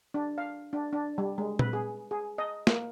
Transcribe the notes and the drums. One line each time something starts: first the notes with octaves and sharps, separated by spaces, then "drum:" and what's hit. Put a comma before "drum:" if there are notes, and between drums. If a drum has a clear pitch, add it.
D4
F5
D4
D4
G3
G#3
B4, drum: tom A#2
G#4
G#4
D#5
A#3, drum: snare